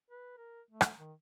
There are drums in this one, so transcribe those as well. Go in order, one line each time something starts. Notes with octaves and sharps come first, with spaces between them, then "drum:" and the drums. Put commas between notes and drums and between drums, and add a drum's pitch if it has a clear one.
B4
A#4
A3
drum: rim click
D#3